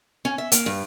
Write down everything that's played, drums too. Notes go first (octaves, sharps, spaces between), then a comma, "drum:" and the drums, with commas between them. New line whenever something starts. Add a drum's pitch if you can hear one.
C#4
E5
A#3, drum: hi-hat
G2